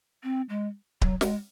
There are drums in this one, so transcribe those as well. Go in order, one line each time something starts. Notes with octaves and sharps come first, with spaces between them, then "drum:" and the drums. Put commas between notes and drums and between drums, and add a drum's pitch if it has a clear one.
C4
G#3
F#3, drum: kick D1
G#3, drum: snare